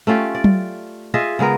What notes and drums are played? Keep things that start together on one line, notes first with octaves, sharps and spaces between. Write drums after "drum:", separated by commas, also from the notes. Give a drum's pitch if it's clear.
A3 C#4 F4 G4
D5
drum: tom F#3
F4 G#4 D#5 E5
C#3 G#3 B3 A#4